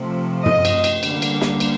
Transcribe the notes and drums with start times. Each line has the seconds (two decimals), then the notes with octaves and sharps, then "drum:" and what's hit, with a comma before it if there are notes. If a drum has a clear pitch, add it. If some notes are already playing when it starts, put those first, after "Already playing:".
Already playing: C3 F3 A3
0.46 D#5, drum: tom
0.65 drum: cymbal
0.84 drum: cymbal
1.03 D3 G3 A#3, drum: cymbal
1.22 drum: cymbal
1.41 drum: snare
1.60 drum: cymbal